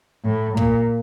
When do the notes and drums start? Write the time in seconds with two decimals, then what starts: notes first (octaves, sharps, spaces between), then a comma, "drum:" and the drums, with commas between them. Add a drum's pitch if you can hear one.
0.24 A2
0.57 A#2, drum: kick